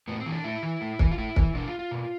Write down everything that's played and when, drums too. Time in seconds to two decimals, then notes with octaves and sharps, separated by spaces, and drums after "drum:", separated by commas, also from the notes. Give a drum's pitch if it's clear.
0.08 A2 B3
0.20 C4
0.26 E3
0.32 D4
0.44 A2 E4
0.63 E3
0.81 A2
0.99 E3, drum: kick
1.11 F4
1.18 A2 E4
1.36 E3, drum: kick
1.54 B2 D4
1.67 F4
1.79 F4
1.91 B2